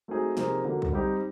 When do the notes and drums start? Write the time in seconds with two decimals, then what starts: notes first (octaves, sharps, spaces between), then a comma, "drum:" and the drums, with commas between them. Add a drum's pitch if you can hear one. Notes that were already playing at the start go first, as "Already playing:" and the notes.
0.08 F#3 A3 C4 D#4 G#4
0.37 C3 F3 A#3 D#4 G#4, drum: snare
0.65 D3 F#3 A#3
0.82 drum: kick
0.93 G3 C4 D#4 G4